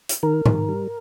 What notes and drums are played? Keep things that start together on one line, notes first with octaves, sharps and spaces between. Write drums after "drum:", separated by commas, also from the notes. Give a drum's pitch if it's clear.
drum: hi-hat
D#3 A#4
D#3, drum: tom G#2
G3